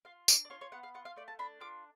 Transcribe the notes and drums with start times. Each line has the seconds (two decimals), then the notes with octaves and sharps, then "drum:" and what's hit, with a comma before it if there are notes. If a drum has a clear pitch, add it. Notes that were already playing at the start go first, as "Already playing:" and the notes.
0.05 F4 F5
0.28 D4 D5, drum: tambourine
0.45 D5
0.50 F4 C#5
0.61 C#5
0.72 B3 F#5
0.83 F5
0.94 F4 F#5
1.05 F5
1.16 A3 D5
1.28 A5
1.39 D4 B5
1.60 F4 D6